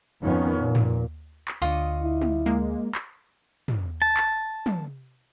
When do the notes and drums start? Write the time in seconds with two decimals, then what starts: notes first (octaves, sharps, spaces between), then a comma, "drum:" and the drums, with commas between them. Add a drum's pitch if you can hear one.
0.22 F2 G#2 D#3 F3 B3 C#4
0.57 A#2
0.75 drum: tom
1.48 drum: clap
1.62 D2 D3 F4 D#5
2.02 E4
2.21 drum: tom
2.46 G#3 A#3
2.95 drum: clap
3.68 drum: tom
4.02 A5
4.17 drum: clap
4.66 drum: tom